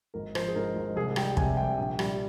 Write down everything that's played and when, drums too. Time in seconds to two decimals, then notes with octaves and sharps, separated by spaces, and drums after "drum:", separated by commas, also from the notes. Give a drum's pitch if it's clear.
0.14 G#1 A#4
0.35 F3 C5, drum: rim click
0.48 G#4
0.55 G#2 A#4
0.76 G#1
0.96 C2 G#4
1.16 G3 G5, drum: rim click
1.37 C3 G#5, drum: kick
1.57 C2 G5
1.78 A#1
1.99 G3, drum: rim click